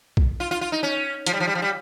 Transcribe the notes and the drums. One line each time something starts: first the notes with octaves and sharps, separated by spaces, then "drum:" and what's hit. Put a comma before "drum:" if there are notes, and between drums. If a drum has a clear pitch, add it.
drum: kick
F4
F4
F4
D#4
C#4
F3, drum: hi-hat
G3
F3
G3
F3
G3